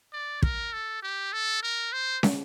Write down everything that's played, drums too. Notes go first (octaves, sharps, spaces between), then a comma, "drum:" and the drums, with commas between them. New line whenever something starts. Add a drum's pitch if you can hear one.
D5
A#4, drum: kick
A4
G4
A4
A#4
C5
drum: snare